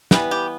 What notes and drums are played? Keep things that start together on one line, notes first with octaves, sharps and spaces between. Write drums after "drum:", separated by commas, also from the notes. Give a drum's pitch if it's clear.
E3 G3 B3, drum: snare
G4